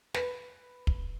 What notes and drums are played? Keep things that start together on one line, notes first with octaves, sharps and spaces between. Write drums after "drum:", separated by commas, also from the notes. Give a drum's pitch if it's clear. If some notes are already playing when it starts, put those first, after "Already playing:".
B4, drum: snare
drum: kick